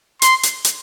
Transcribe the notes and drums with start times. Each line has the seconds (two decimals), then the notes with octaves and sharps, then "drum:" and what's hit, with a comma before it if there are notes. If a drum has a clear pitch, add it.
0.22 C6, drum: hi-hat
0.43 drum: hi-hat
0.65 drum: hi-hat